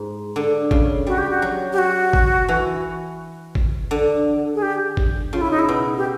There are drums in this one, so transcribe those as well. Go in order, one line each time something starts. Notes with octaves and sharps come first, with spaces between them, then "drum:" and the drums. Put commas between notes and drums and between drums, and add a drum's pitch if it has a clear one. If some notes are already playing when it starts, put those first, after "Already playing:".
Already playing: G#2
D3
C#3, drum: kick G1
G3 F#4
G4
F#4
F#3
G4
F#4
drum: kick G1
E3
drum: kick G1
D3
G#4
G4
drum: kick G1
C#3 F4
E4
D#4
E4
B2
G4